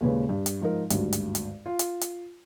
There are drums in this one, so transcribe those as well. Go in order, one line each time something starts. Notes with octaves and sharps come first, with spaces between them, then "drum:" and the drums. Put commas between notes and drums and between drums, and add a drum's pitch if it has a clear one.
D#2 A#2 C#3 G#3 B4
G2
drum: hi-hat
G#2 F3 D#4 A#4
G#1 D2 G2, drum: hi-hat
drum: hi-hat
drum: hi-hat
F4
drum: hi-hat
drum: hi-hat